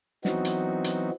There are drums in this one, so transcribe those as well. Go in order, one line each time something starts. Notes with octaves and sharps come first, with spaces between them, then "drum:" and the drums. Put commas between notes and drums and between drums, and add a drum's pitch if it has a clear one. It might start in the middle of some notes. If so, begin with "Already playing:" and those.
E3 F#3 B3 C4 D#4 F#4, drum: snare
drum: hi-hat
drum: hi-hat